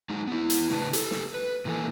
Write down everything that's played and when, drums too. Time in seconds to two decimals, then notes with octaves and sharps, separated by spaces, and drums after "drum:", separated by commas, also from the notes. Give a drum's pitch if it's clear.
0.09 F#3 G#3 D#4
0.27 B3 E4
0.50 drum: hi-hat
0.70 A2 C#3 D4 B4 A5
0.93 G4 A4, drum: hi-hat
1.11 drum: snare
1.34 B4
1.65 A#2 D#3 E3 A#3 A4 G#5